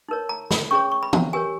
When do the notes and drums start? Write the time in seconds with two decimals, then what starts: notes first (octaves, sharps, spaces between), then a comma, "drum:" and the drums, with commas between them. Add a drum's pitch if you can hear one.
0.09 D#4 A#4 C#5
0.29 A#5
0.51 B5, drum: snare
0.71 C#4 G#4 C#5 C#6
0.92 C#6
1.03 B5
1.13 A#5, drum: tom
1.33 G4 A#4 C#5 G#5